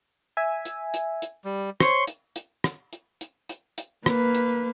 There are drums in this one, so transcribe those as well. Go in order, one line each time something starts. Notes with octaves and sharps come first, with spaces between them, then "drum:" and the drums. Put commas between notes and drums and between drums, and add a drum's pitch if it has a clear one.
E5 G#5
drum: hi-hat
drum: hi-hat
drum: hi-hat
G3
C5 C#5 C6 C#6, drum: rim click
drum: hi-hat
drum: hi-hat
drum: rim click
drum: hi-hat
drum: hi-hat
drum: hi-hat
drum: hi-hat
A#3 B4, drum: rim click
drum: hi-hat